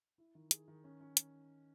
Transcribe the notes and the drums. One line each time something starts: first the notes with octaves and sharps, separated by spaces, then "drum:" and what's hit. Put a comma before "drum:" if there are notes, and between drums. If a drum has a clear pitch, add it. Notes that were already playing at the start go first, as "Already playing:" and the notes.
E4
D#3
G#4, drum: hi-hat
D#3
C#4
C#4
drum: hi-hat